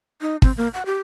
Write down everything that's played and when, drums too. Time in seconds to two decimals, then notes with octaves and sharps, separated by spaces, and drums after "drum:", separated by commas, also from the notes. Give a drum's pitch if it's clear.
0.21 D#4
0.42 C4, drum: kick
0.57 A#3
0.74 F#5
0.86 G4